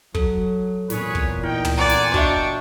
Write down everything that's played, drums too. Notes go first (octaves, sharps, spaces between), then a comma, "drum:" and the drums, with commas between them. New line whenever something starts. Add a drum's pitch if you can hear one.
F#3 A4, drum: kick
E2 A#2 G#4 B4 C#5, drum: snare
drum: kick
D#4 E4 G5
drum: tom
A4 D5 F#5 G#5 A#5 C6
drum: snare
D4 F#4 D#5 E5 G5 C#6, drum: kick